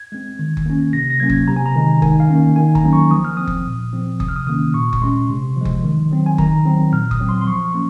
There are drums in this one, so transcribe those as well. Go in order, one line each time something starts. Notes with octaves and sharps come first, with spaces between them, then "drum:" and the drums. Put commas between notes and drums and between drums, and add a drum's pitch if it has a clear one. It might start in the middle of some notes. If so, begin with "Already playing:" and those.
Already playing: G#6
G#3 C4
D#3
drum: kick F#1
A#3 C#4
C3 A#6
A#6
F#3 A#3 C#4 G#6
drum: kick F#1
C3 A#5
G#5
A#5
D#3 G#3
D#3 G#5, drum: kick F#1
F5
A#3 C#4
D#3 G#5
A#5, drum: kick F#1
F#3 A#3 C#4
C#6
F3 D#6
F6
C4 D#6
drum: kick F#1
A#2
F3 C4
C3 D#6, drum: kick F#1
F6
D#6
D#3 A#3 C#4 D#6
A#2 C#6
drum: kick F#1
G#3 C#4 C6
C3
F3 G#3
drum: kick F#1
D#3
F#3 C4
G#5
D#3 A#5, drum: kick F#1
F#3 C4
A#2 F6
D#6, drum: kick F#1
F#3 C4
C6
C6
F3 C#6
A#3 C#4